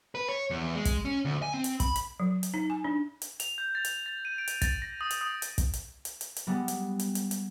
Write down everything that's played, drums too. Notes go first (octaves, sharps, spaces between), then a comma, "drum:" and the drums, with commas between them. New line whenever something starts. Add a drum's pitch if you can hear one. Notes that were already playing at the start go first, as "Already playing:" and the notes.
B4
C#5
E2
G#3
drum: kick, hi-hat
C#4
D2
G#5
C4
drum: hi-hat
B5, drum: kick, hi-hat
drum: hi-hat
F#3
drum: hi-hat
D#4
G#5
D4
drum: hi-hat
F7, drum: hi-hat
G6
A6
drum: hi-hat
A6
D#7
D7
drum: hi-hat
A6, drum: kick, hi-hat
A#6
D#6
drum: hi-hat
D#6
drum: hi-hat
drum: kick, hi-hat
drum: hi-hat
drum: hi-hat
drum: hi-hat
drum: hi-hat
G3 G#3 B3
drum: hi-hat
drum: hi-hat
drum: hi-hat
drum: hi-hat